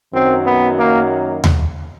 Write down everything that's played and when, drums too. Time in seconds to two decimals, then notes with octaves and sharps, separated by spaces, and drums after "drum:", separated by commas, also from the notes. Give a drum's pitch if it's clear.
0.12 F#2 D#3 F#3 C4
0.45 B3
0.78 A#3
1.44 drum: tom D#2